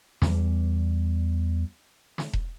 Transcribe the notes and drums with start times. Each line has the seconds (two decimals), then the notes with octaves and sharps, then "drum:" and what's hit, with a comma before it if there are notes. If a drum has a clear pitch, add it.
0.22 E2 G3, drum: snare
2.18 drum: snare
2.33 drum: kick E1